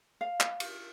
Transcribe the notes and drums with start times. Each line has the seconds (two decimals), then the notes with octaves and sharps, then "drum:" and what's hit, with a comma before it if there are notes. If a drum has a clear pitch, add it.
0.21 F5
0.40 drum: clap
0.60 drum: cymbal